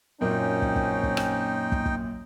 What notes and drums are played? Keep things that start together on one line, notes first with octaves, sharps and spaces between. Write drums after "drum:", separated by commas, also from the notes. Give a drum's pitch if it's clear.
F#2 A#2 A#3 C4 C#4 D#4 G5
drum: kick
drum: kick
drum: kick
drum: rim click
drum: kick
drum: kick